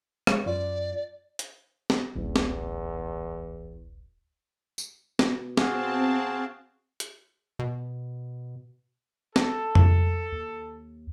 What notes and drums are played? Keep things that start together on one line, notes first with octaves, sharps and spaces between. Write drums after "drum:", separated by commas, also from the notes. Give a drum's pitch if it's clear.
G#3 C#5 C#6, drum: rim click
F#2 F4 D5
drum: hi-hat
drum: snare
D1 A1 E2
drum: snare
drum: tambourine
B2, drum: snare
C4 F#4 G#4 F5 A5, drum: snare
drum: hi-hat
B2
A4, drum: snare
drum: tom F2
D#2